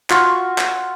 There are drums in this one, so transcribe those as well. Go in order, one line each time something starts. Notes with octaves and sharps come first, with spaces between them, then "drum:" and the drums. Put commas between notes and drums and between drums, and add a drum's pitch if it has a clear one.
F4 F#4 C#6, drum: clap
drum: clap